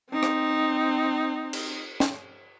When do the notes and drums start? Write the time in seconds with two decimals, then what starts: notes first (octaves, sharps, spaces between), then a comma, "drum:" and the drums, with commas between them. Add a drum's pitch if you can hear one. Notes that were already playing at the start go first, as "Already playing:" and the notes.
0.10 C4 D#4
0.23 drum: rim click
1.53 drum: cymbal
2.00 drum: snare